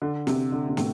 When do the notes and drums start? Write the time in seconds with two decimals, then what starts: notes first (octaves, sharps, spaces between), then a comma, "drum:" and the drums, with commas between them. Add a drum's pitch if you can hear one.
0.02 D3
0.27 C3, drum: snare
0.52 D3
0.69 C3
0.77 A2, drum: snare